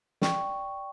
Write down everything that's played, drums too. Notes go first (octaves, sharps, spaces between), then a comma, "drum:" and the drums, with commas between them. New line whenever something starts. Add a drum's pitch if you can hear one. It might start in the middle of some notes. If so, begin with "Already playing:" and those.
D5 G5 C#6, drum: snare